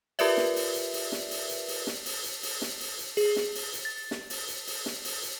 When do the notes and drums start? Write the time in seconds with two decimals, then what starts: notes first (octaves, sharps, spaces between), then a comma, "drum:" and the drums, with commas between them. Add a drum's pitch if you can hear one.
0.19 F4 G4 A#4 B4 D5 E5, drum: open hi-hat
0.37 drum: snare
0.56 drum: open hi-hat
0.75 drum: hi-hat
0.93 drum: open hi-hat
1.12 drum: snare
1.31 drum: open hi-hat
1.50 drum: hi-hat
1.68 drum: open hi-hat
1.87 drum: snare
2.06 drum: open hi-hat
2.24 drum: hi-hat
2.43 drum: open hi-hat
2.62 drum: snare
2.80 drum: open hi-hat
2.99 drum: hi-hat
3.17 G#4, drum: open hi-hat
3.36 drum: snare
3.55 drum: open hi-hat
3.74 drum: hi-hat
3.85 A6
4.11 drum: snare
4.30 drum: open hi-hat
4.49 drum: hi-hat
4.67 drum: open hi-hat
4.86 drum: snare
5.05 drum: open hi-hat
5.23 drum: hi-hat